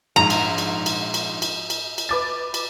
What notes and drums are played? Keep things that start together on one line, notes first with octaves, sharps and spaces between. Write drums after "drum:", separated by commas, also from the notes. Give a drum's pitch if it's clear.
A#1 G#2 A#5
drum: cymbal
drum: cymbal
drum: cymbal
drum: cymbal
drum: cymbal
drum: cymbal
drum: cymbal
B4 D6 A6
drum: cymbal